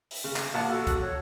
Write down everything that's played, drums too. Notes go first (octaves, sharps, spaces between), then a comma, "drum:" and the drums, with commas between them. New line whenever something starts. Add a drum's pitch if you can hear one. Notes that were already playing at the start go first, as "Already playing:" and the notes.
drum: open hi-hat
C#3
drum: clap
A#1 F#5 A5
F#4 A4 E6
F#6, drum: kick C2, hi-hat
C#5